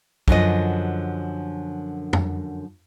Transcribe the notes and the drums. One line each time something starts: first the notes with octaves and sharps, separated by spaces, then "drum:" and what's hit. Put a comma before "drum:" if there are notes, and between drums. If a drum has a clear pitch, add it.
F#2 D3 F3 D#5, drum: kick
drum: tom F2